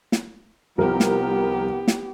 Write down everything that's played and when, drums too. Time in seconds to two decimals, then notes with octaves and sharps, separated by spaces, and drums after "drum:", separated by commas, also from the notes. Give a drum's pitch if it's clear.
0.12 drum: snare
0.78 C2 F3 B3 G4 A#4
1.00 drum: snare
1.88 drum: snare